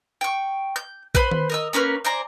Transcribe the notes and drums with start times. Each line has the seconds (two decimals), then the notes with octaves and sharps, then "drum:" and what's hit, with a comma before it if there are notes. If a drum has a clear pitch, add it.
0.21 G5 C#6
0.76 G6
1.15 B4 C5 B5, drum: kick A#1
1.31 drum: tom D#3
1.50 A#4 D#5 E6
1.73 A#3 C#4 A#4 B4
2.05 C5 D5 G#5 A#5